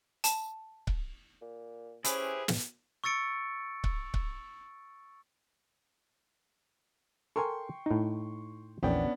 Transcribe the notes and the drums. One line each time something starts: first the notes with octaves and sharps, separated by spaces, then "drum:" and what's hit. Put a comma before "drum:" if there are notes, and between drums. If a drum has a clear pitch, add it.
A5, drum: hi-hat
drum: kick C#1
A#2
C#4 E4 G4 G#4 B4 C5, drum: hi-hat
drum: snare
C#6 E6 A6 C#7 D7
drum: kick C#1
drum: kick C#1
A4 A#4 G5 G#5 C6 C#6
A2 D#4
A#1 E2 B3 C#4 D4 G5